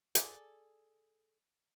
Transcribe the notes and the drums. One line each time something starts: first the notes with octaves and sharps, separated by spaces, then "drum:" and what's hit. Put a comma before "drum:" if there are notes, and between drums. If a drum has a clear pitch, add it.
G#4 A4 D5, drum: hi-hat